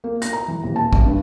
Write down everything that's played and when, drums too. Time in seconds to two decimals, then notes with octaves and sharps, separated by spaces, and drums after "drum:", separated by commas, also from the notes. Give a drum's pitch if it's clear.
0.04 A#3
0.22 A#6, drum: hi-hat
0.33 A#5
0.48 E3
0.63 D#1
0.76 A5
0.93 A1, drum: kick
1.06 G2